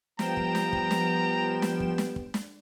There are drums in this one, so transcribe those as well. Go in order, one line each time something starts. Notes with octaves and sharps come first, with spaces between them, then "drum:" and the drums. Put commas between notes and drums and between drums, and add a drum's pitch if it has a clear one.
F3 G3 B3 G5 A#5 E7, drum: snare
drum: kick
drum: snare
drum: kick
drum: snare
drum: snare
drum: kick
drum: snare
drum: kick
drum: snare